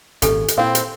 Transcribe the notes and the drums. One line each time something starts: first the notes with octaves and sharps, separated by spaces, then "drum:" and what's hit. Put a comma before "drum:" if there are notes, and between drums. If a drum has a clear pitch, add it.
G#1 A#2 C#4 G4 A4 G#5, drum: hi-hat
drum: hi-hat
A#2 C4 E4 C5 F5
drum: hi-hat